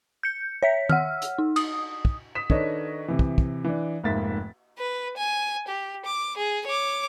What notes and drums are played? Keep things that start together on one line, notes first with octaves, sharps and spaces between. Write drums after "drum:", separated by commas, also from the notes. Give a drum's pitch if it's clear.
G6 C#7
C#5 E5 B6
F#5 E6 F6, drum: tom D#3
drum: hi-hat
D#4
D#6, drum: cymbal
drum: kick
D#6 B6 E7
D#3 D4 A4 B4 C#5 D#5, drum: kick
C3 E3
drum: kick
drum: kick
E3 D4
F1 G#2 A#3 E5 A6 B6
B4
G#5
G4
D6
G#4
C#5 D6